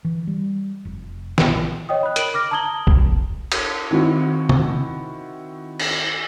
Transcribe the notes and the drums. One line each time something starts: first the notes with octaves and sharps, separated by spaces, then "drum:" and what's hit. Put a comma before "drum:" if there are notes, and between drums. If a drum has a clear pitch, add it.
E3
G3
F1
A#1, drum: snare
C#5 D#5 G5 D#6
B5 F#6
A#4 D7 F#7, drum: hi-hat
D6 F6 A#6
A5 A#5 D#6 G#6 F#7 G7
drum: kick
drum: cymbal
D#3 C4 E4 F#4
drum: tom
drum: cymbal